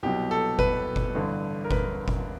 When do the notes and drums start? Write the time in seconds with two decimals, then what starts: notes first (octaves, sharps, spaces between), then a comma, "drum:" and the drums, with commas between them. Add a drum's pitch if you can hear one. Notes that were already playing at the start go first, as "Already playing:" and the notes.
0.03 C2 B2 F#3 G4
0.31 A4
0.59 B4, drum: kick F#1
0.96 drum: kick F#1
1.15 A1 G2 D3
1.64 A#4
1.71 B4, drum: kick F#1
2.08 drum: kick F#1